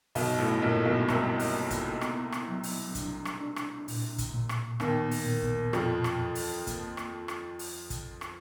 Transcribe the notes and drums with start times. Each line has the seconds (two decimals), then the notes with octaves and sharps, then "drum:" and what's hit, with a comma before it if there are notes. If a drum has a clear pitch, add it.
0.15 B1 G2 B2, drum: open hi-hat
0.38 A1 A2
0.62 A#1 G2 A#2
0.85 B1 B2
1.08 C2 C3 A#3, drum: rim click
1.39 drum: open hi-hat
1.55 A#3
1.70 drum: kick, hi-hat
2.01 B3, drum: rim click
2.32 drum: rim click
2.48 F#3
2.63 drum: open hi-hat
2.95 D4, drum: kick, hi-hat
3.25 drum: rim click
3.40 D4
3.56 drum: rim click
3.88 A#2, drum: open hi-hat
4.18 drum: kick, hi-hat
4.34 A#2
4.49 drum: rim click
4.80 D#2 D#3 B3, drum: rim click
5.11 drum: open hi-hat
5.26 A#2
5.42 drum: kick
5.73 F2 B2 F3, drum: rim click
6.04 drum: rim click
6.20 E2
6.35 drum: open hi-hat
6.67 A#3, drum: kick, hi-hat
6.97 drum: rim click
7.28 drum: rim click
7.59 drum: open hi-hat
7.90 drum: kick, hi-hat
8.21 drum: rim click